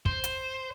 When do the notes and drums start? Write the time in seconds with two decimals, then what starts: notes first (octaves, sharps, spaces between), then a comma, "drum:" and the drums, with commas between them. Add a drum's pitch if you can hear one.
0.06 C5, drum: kick
0.24 drum: hi-hat